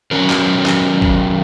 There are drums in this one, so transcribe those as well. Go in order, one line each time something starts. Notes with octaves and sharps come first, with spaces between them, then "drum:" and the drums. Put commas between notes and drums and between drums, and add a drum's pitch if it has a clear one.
D#3 F#3 C#4 F#4 A#4
drum: clap
drum: clap
drum: kick G1